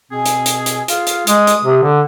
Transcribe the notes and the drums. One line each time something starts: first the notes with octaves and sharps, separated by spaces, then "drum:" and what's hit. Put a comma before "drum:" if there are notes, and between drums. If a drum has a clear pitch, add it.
B2 C4 G#4
drum: hi-hat
drum: hi-hat
drum: hi-hat
F4 G#4 F5, drum: hi-hat
drum: hi-hat
G#3 D#6, drum: hi-hat
drum: hi-hat
C3
D3